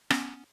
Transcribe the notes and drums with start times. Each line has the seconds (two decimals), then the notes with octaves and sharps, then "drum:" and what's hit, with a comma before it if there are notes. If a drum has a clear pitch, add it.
0.10 B3 C#4, drum: rim click